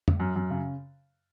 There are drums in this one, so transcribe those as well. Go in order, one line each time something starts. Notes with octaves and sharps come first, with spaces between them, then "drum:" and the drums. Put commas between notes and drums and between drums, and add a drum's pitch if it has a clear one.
drum: tom
F#2
F#2
C#3